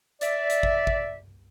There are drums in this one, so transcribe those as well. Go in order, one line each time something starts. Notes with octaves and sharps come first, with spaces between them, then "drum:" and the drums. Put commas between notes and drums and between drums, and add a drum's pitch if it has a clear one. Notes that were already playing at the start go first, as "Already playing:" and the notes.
D5 E5, drum: hi-hat
drum: hi-hat
drum: kick
drum: kick